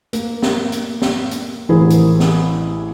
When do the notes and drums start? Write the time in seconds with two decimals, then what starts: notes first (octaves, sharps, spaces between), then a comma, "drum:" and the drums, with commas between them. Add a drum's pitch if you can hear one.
0.13 A#3, drum: hi-hat
0.43 drum: snare
0.72 drum: hi-hat
1.02 drum: snare
1.31 drum: hi-hat
1.69 A1 C3 E4 G#4 A#4 C5
1.90 drum: hi-hat
2.20 drum: snare